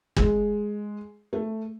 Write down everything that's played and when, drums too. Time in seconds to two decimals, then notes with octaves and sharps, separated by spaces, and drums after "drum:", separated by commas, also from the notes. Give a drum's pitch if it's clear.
0.16 G#3, drum: kick
1.33 A3